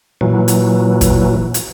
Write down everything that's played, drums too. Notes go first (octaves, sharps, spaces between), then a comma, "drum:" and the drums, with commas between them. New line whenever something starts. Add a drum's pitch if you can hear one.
A#2 E3 F#3
drum: hi-hat
drum: kick, hi-hat
drum: hi-hat